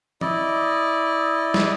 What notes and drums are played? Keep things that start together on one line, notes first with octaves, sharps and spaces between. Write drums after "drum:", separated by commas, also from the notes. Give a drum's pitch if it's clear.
E4 D5 D#5, drum: tom E3
drum: snare